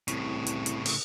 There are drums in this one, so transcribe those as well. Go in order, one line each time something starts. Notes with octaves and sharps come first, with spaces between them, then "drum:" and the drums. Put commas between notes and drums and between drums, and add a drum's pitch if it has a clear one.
C2 A2 C#3, drum: hi-hat
drum: hi-hat
drum: hi-hat
drum: open hi-hat